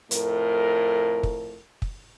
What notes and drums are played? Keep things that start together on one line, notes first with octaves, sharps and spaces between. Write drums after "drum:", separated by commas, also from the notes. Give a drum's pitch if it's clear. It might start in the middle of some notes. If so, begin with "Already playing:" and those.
F2 A2 A#4, drum: hi-hat
drum: kick
drum: kick